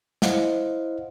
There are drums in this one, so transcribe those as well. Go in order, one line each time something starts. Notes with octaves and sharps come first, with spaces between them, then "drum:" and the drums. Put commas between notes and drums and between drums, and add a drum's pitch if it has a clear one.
E4 C5 D#5 F5 F#5, drum: snare